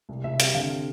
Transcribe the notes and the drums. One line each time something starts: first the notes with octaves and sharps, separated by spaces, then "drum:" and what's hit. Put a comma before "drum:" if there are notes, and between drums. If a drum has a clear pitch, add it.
C2
C2 E5
C3 F5, drum: hi-hat
D3 F5